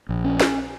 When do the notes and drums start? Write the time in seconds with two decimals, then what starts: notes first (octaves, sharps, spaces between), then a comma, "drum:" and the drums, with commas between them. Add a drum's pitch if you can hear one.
0.09 A#1
0.24 C#4
0.40 drum: snare